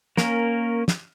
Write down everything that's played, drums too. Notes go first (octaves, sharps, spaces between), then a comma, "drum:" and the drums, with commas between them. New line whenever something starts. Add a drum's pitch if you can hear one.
A#3 C#4 A#4, drum: snare
drum: snare